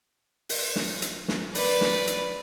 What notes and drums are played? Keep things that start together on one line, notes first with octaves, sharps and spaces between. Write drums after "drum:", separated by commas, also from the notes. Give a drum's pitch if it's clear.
drum: open hi-hat
drum: snare
drum: hi-hat
drum: snare
B4 D5, drum: open hi-hat
drum: snare
drum: hi-hat